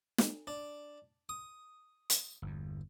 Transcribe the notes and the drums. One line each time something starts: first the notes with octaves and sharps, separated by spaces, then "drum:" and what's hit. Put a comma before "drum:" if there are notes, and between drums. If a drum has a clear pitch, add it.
drum: snare
D4
D#6
drum: hi-hat
G1 E2